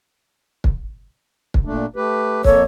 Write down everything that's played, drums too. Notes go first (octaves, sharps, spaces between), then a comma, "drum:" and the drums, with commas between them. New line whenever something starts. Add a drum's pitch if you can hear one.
drum: kick
drum: kick
A#2 A3 D4
A3 G4 B4
F2 A#3 A4 C#5, drum: kick